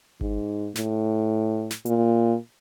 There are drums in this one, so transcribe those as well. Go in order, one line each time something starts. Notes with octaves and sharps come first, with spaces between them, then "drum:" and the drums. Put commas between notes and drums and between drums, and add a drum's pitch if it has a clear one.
G#2, drum: kick G#1
A2, drum: snare
drum: snare
A#2, drum: hi-hat